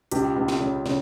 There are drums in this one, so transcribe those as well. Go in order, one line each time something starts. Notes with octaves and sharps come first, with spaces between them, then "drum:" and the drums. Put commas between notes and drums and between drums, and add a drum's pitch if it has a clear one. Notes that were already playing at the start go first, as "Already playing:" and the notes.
C#2 G4, drum: hi-hat
C#2
drum: snare
C#3
C#3, drum: snare